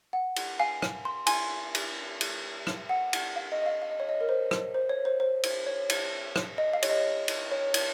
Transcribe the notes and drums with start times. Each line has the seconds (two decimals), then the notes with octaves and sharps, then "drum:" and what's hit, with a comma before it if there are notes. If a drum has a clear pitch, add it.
0.13 F#5
0.36 drum: cymbal
0.60 F5 G#5
0.82 drum: rim click
1.05 C6
1.27 G#5 C6, drum: cymbal
1.75 drum: cymbal
2.21 drum: cymbal
2.67 drum: rim click
2.89 F#5
3.13 drum: cymbal
3.36 F5
3.52 D#5
3.62 D#5
3.66 F5
3.82 F5
3.91 D#5
4.00 C#5
4.09 D#5
4.21 A#4
4.29 C5
4.51 drum: rim click
4.74 C5
4.89 C#5
5.05 C5
5.20 C5
5.43 drum: cymbal
5.66 C#5
5.90 drum: cymbal
6.36 drum: rim click
6.58 D#5
6.73 F5
6.83 C#5, drum: cymbal
6.89 D#5
7.28 drum: cymbal
7.51 C#5
7.74 drum: cymbal